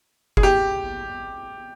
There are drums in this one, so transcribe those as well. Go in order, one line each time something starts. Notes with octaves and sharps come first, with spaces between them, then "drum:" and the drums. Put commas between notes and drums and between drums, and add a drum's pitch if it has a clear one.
G#4, drum: kick F#1
G4